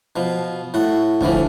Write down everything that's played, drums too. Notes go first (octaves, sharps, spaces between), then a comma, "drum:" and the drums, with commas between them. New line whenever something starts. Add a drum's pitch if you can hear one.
B2 F3
A2 F#4
D2 D3 E3 F3, drum: kick